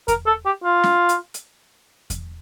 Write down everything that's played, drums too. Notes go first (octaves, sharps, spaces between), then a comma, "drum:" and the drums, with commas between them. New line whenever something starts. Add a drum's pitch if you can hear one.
A#4, drum: kick E2, hi-hat
A4
G4
F4
drum: snare
drum: hi-hat
drum: hi-hat
drum: kick E2, hi-hat